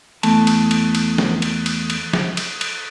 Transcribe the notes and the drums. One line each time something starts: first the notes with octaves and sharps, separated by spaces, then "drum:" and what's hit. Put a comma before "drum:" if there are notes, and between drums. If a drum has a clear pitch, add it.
E2 A3 A5, drum: cymbal
drum: cymbal
drum: cymbal
drum: cymbal
drum: snare
drum: cymbal
drum: cymbal
drum: cymbal
drum: snare
drum: cymbal
drum: cymbal